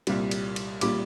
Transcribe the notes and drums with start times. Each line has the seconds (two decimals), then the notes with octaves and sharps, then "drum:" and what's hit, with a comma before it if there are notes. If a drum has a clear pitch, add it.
0.07 C2 A#2 G3, drum: cymbal
0.31 drum: cymbal
0.56 drum: cymbal
0.81 A#2 G3 D6, drum: cymbal